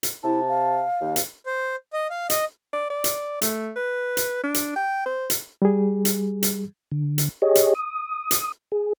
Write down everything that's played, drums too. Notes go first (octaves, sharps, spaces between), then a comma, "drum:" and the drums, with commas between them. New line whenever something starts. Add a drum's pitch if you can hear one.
drum: hi-hat
C3 E4 A5
F5
D#2
drum: hi-hat
C5
D#5
F5
D#5, drum: hi-hat
D5
D5
drum: hi-hat
A3, drum: hi-hat
B4
drum: hi-hat
D4
drum: hi-hat
G5
C5
drum: hi-hat
G3 G#4
drum: hi-hat
drum: hi-hat
D3
drum: hi-hat
G4 G#4 C#5 D#5
drum: hi-hat
D#6
drum: hi-hat
G#4